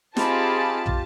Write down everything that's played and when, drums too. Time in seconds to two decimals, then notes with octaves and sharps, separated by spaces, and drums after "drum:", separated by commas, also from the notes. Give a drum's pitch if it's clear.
0.17 C4 D#4 F4 G4 G#4 A5 B5, drum: snare
0.86 drum: tom